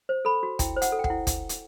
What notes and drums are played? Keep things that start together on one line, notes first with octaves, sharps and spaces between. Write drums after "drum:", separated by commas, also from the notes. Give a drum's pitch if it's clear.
C5
A4 B5
F#4
E4 G5, drum: kick, hi-hat
C5
F#5, drum: hi-hat
A4
G5
F#5, drum: kick
E4
drum: kick, hi-hat
drum: hi-hat